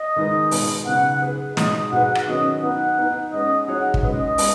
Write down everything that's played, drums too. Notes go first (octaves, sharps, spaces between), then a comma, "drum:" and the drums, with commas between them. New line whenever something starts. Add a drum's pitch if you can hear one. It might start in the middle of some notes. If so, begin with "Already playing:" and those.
Already playing: D#5
D#3 G#3 D#4 B4
B2 G#3 B3, drum: open hi-hat
C#3 F#3 B3 D#4 F#4 F#5
B3 G#4 B4
B2 G#3 D#4 G#4 D#5, drum: snare
B2 F#3 D#4 G#4 B4 F#5
drum: rim click
D#3 F#3 C#4 F#4 B4 D#5
B3 D#4 B4 F#5
B3 D#4 B4
G#3 C#4 B4 D#5
F#3 D#4 G#4 C#5 F#5
drum: kick
G#3 C#4 B4 D#5
G#3 B3, drum: open hi-hat